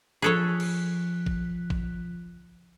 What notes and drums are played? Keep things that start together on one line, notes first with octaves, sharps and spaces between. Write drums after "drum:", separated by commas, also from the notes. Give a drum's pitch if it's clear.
F3 G#4 A4 C#5 F#6 B6
drum: cymbal
drum: kick
drum: kick